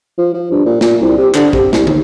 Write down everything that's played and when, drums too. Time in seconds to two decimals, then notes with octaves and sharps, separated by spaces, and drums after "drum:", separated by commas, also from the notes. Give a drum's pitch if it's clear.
0.18 F3
0.34 F3
0.51 G2
0.66 A#2
0.81 A#2, drum: snare
1.01 C2
1.18 C3
1.35 D3, drum: clap
1.53 C3, drum: kick A1
1.73 C2, drum: snare
1.87 D#2, drum: tom